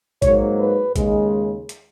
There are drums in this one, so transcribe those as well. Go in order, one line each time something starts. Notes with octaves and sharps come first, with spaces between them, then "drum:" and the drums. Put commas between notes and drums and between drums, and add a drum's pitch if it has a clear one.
G#2 F#3 A#3 C#5, drum: kick A#1, hi-hat
B4
D#2 C#3 G#3, drum: kick A#1, hi-hat
drum: hi-hat